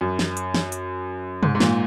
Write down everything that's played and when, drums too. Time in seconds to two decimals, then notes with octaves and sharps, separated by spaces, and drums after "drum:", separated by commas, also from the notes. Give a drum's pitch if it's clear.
0.01 F#2
0.19 drum: snare
0.37 drum: hi-hat
0.54 drum: snare
0.72 drum: hi-hat
1.43 G#2, drum: tom
1.55 G#2
1.60 A#2, drum: snare